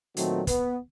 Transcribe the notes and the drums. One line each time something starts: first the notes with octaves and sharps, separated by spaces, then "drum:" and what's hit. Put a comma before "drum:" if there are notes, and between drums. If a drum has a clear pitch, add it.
A#2 D#3 F#3 A3 C4 F#4, drum: hi-hat
B3, drum: kick, hi-hat